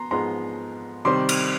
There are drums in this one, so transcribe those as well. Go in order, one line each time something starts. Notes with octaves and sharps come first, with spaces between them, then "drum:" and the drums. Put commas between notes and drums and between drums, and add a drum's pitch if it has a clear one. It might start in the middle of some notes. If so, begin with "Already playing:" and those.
Already playing: B3 A#5 C6
G#2 F3 G#3 B3 A#5 C6
C3 D#3 G3 C4 C6 D6
drum: cymbal